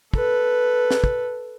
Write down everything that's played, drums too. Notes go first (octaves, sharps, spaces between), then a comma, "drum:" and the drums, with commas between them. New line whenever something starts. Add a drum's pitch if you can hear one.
A4 B4, drum: kick
drum: snare
drum: kick